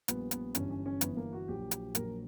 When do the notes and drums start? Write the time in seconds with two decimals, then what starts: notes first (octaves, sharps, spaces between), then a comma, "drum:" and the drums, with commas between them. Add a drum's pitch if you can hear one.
0.08 A#1 A#2 G3 B3, drum: hi-hat
0.31 B3, drum: hi-hat
0.55 G1 G2 E3 G3 C#4, drum: hi-hat
0.70 C#4
0.86 C#4
1.01 G1 G2 E3 G3 B3, drum: hi-hat
1.17 A#3
1.33 F#4
1.48 A#1 A#2 F#3 G4
1.71 drum: hi-hat
1.95 A#1 A#2 F#3 A#4, drum: hi-hat